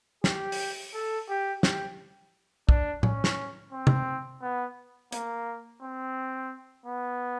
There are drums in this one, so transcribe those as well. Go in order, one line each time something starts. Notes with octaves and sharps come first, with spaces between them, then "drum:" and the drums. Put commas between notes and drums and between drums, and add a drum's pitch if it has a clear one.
G4, drum: snare
drum: open hi-hat
A4
G4
G4, drum: snare
D4, drum: kick
C#4, drum: tom A2
drum: snare
C4
drum: tom
B3
A#3, drum: hi-hat
C4
B3